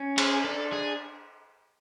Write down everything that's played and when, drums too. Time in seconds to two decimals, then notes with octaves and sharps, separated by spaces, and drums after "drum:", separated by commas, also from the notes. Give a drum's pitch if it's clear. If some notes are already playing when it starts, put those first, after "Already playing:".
Already playing: C#4
0.18 G#4, drum: cymbal
0.44 D4 A4
0.73 G#4